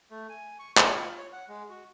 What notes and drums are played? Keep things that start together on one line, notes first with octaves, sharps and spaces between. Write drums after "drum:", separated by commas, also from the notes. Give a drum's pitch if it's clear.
A3
G#5
C#6
F4, drum: clap
C#5
F#5
G#3
F#4